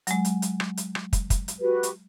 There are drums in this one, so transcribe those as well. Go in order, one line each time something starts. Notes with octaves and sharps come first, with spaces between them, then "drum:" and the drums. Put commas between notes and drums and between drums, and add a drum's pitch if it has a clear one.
F#3 G#3, drum: hi-hat
drum: hi-hat
drum: hi-hat
drum: rim click
drum: hi-hat
drum: rim click
drum: kick, hi-hat
drum: kick, hi-hat
drum: hi-hat
F#4 G4 B4
drum: hi-hat